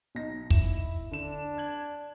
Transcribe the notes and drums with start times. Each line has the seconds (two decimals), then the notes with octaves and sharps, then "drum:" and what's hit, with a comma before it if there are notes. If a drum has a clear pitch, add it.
0.15 B1 D#4 A#6
0.50 E4 E7, drum: kick
1.11 D3 D4 E7
1.57 D5 G#6 F#7